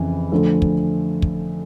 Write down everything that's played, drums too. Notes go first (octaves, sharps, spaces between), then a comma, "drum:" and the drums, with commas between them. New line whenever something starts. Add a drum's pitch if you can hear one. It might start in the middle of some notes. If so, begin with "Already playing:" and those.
Already playing: F2 C#3 E3
D3 F3 A3
drum: kick
drum: kick